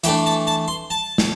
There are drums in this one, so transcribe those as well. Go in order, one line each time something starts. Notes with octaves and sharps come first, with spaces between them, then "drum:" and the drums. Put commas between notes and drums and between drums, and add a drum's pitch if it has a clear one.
E3 A3 D4 G5, drum: hi-hat
A5
A5
C6
A5
drum: snare